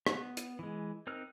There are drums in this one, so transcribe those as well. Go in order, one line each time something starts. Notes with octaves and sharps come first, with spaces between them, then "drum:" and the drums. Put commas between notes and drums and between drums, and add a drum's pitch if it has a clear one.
B3, drum: rim click
drum: hi-hat
E3 G#3
C4 D#4 A#4 F6 F#6